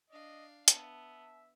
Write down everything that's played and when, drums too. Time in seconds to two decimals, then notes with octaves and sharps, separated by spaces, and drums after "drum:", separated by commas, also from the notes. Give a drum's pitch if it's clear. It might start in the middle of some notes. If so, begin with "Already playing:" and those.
0.10 D4 D#5 F5
0.68 B3 E5 A5, drum: hi-hat